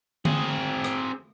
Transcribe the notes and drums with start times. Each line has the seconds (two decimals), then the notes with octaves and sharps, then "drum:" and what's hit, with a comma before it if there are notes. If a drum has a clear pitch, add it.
0.25 C4 G#4, drum: tom D3
0.84 drum: rim click